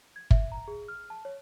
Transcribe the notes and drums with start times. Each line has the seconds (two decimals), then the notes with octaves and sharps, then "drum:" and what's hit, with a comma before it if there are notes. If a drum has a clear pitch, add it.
0.16 G#6
0.31 E5, drum: kick
0.52 A#5
0.68 G#4
0.88 F6
1.10 A5
1.25 C#5